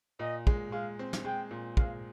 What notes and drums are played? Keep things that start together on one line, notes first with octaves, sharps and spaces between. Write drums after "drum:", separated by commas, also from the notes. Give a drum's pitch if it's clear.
A#2 D#5
G#3, drum: kick
G#3 F5
C4
drum: snare
G#3 G5
A#2
G#3 F5, drum: kick